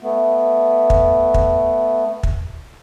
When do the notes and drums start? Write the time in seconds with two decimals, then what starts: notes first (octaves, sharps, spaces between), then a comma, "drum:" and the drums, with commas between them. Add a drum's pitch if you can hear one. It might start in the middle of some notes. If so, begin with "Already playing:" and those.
0.01 A3 B3
0.90 drum: kick
1.34 drum: kick
2.23 drum: kick